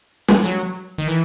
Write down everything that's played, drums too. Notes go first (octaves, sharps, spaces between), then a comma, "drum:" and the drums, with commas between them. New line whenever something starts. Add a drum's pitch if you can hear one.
drum: snare
F#3
D#3
E3